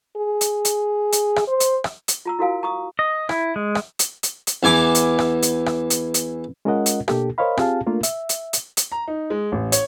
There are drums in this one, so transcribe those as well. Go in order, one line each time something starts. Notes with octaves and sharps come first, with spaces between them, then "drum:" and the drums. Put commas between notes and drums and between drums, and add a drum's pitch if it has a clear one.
G#4
drum: hi-hat
drum: hi-hat
drum: hi-hat
drum: rim click
C5
drum: hi-hat
drum: rim click
drum: hi-hat
F4 A#5 E6
E4 F#4 A#4 F5 G#5
A#5 C#6 D#6
D#5
E4, drum: rim click
G#3
drum: rim click
drum: hi-hat
drum: hi-hat
drum: hi-hat
E2 E3 G#5 D6
drum: hi-hat
drum: rim click
drum: hi-hat
drum: rim click
drum: hi-hat
drum: hi-hat
G#3 C#4 F4 A#4 D#5 F#5
drum: hi-hat
B2 A#3 D4 G4 A4, drum: rim click
A#4 C5 C#5 D#5 F5 B5
C4 F4 G4 G#4 F5 A5, drum: rim click
A3 A#3 D4 F4 A#4
E5, drum: hi-hat
drum: hi-hat
drum: hi-hat
drum: hi-hat
A#5
D#4
G#3
A1
C#5, drum: hi-hat